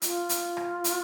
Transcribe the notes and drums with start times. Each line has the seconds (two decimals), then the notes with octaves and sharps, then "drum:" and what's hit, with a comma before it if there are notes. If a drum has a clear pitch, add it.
0.02 F4, drum: hi-hat
0.29 drum: hi-hat
0.57 drum: rim click
0.84 drum: hi-hat